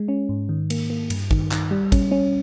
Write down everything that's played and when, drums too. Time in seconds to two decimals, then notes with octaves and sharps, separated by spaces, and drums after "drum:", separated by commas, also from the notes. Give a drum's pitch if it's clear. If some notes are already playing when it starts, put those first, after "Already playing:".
Already playing: G#3
0.08 C#4
0.29 G#2
0.49 D#3
0.70 A#3, drum: cymbal
0.90 A#3
1.10 G2, drum: cymbal
1.31 D#3, drum: kick
1.51 D#3, drum: clap
1.71 G3
1.92 C#4, drum: kick, cymbal
2.11 C#4